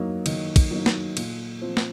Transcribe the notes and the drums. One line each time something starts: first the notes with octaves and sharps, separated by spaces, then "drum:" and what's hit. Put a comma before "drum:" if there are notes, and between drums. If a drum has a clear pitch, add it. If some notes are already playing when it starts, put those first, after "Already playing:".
Already playing: F#3 A#3 D#4
D#3, drum: cymbal
drum: kick, cymbal
F#3 A#3 D#4
drum: snare
A#2, drum: cymbal
F3 C4
drum: snare